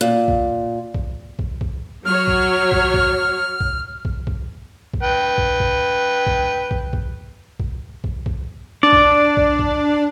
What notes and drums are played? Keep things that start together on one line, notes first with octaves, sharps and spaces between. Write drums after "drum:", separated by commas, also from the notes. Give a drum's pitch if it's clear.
A#2
drum: kick
drum: kick
drum: kick
drum: kick
F#3 C#5 F6
drum: kick
drum: kick
drum: kick
drum: kick
drum: kick
drum: kick
drum: kick
B4 G5
drum: kick
drum: kick
drum: kick
drum: kick
drum: kick
drum: kick
drum: kick
drum: kick
D4 D5
drum: kick
drum: kick
drum: kick